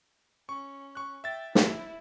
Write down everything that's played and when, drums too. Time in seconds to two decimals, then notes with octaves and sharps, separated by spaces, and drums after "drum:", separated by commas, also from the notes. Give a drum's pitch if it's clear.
0.49 C#4 C#6
0.95 C#6 F#6
1.24 E5 G5 A6
1.55 E4, drum: snare